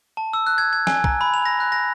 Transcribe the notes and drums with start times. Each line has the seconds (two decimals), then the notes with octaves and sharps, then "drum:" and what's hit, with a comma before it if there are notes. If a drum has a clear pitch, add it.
0.17 A5
0.33 E6
0.47 F#6
0.58 G#6
0.73 G#6
0.87 G#5, drum: snare
1.04 A#5, drum: kick B1
1.21 B5
1.34 F7
1.46 A#6
1.60 F#6
1.72 A#6